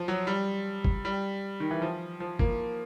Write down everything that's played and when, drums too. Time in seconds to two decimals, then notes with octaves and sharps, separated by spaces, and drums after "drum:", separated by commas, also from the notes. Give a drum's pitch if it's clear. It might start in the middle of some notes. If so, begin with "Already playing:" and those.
Already playing: F3
0.08 F#3
0.27 G3
0.85 drum: kick G1
1.05 G3
1.60 D#3
1.71 E3
1.82 F3
2.20 F3
2.39 A#3, drum: kick G1